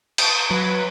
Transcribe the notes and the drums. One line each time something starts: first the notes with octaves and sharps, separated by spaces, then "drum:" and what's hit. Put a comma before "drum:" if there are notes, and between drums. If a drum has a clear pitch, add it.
A5 D#6 G6, drum: cymbal
F#3 B4